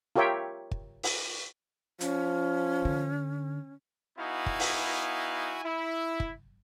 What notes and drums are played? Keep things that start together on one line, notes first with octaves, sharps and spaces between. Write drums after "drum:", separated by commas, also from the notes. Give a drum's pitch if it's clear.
F4 G4 A#4 C#5 E5 G5
drum: kick
drum: open hi-hat
F3 C#4, drum: hi-hat
D3
B3 D#4 E4 F#4 F5 G#5
drum: kick
drum: open hi-hat
E4
drum: kick